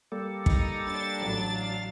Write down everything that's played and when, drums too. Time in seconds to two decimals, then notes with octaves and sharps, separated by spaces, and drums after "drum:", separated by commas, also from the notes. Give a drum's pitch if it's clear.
0.12 G3 A#3 A4
0.46 D#4, drum: kick
0.87 D4 A6
1.20 A1 F#3
1.55 F5